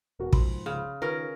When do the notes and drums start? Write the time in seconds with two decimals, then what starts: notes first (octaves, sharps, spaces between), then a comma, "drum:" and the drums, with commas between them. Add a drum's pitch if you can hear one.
0.20 E1 B2 F#4 A#4
0.33 C2 G#2 F3 B5 C6, drum: kick
0.66 C#3
1.02 D#3 C#4 F4 A#4 B4